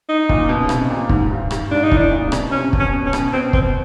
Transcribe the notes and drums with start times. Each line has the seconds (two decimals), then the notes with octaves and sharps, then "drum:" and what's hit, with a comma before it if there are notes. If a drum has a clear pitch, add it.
0.09 D#4
0.29 A#2, drum: kick
0.49 B2
0.64 C#3
0.69 C3, drum: rim click
0.90 A#2
1.09 G#2, drum: kick
1.26 G#2
1.30 G2
1.51 G2, drum: rim click
1.71 G#2 D4
1.84 D#4
1.92 A2, drum: kick
1.97 D4
2.11 A#2
2.27 C3
2.32 B2, drum: rim click
2.51 C3 C#4
2.73 B2, drum: kick
2.80 C#4
2.92 B2
3.06 C#4
3.13 B2, drum: rim click
3.33 B2 C4
3.53 C4, drum: kick